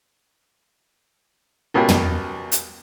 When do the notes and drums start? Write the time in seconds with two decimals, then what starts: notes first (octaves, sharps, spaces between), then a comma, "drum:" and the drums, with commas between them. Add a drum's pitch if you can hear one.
1.74 C#2 B2 A#3 G4
1.89 drum: tom
2.52 drum: hi-hat